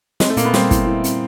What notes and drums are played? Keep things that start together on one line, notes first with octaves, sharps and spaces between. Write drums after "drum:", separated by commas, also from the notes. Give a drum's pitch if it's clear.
G#3 C4, drum: snare
A3
A#2 A#3, drum: hi-hat
B3
G3 C4, drum: snare
E4, drum: kick, hi-hat
E4
C4, drum: hi-hat